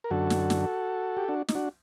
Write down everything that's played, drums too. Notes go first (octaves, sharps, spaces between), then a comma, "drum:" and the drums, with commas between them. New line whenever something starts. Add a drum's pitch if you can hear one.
A#4
F#2 D3 F#4 A4
drum: snare
drum: snare
G4
D4 F#4
D#4, drum: snare
D4 F#4